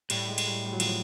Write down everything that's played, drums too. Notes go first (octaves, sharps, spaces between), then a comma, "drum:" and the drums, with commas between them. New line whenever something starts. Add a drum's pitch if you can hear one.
A2 G3, drum: cymbal
G#3
drum: cymbal
G3
G3
F#3
F3, drum: cymbal
F#3